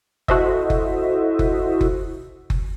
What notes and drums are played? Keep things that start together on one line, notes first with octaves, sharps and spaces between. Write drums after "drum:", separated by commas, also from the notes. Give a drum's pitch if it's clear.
E4 F#4 A4 C5 D#5 E5, drum: kick F#1
drum: kick F#1
drum: kick F#1
drum: kick F#1
drum: kick F#1